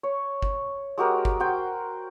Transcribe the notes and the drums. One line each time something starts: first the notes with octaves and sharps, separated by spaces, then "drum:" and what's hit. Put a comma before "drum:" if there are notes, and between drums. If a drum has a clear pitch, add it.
C#5
drum: kick G1
G#3 F#4 G4 A#4
drum: kick G1
F#4 C5 G5